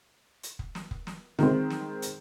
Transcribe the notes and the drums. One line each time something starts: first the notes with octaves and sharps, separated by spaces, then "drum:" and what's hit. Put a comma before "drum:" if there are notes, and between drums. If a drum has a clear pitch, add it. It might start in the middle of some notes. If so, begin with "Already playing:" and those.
drum: hi-hat
drum: kick
drum: snare
drum: kick
drum: snare
D#3 G#3 C4, drum: snare
drum: snare
drum: hi-hat